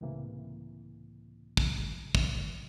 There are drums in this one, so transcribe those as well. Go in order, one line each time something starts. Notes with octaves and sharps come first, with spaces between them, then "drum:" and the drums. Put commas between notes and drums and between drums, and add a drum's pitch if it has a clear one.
C#2 A2 C3 E3 A#3
drum: kick
drum: kick